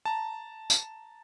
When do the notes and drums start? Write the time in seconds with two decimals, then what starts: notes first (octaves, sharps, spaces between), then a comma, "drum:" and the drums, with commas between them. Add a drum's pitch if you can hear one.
0.06 A5 A#5
0.70 drum: tambourine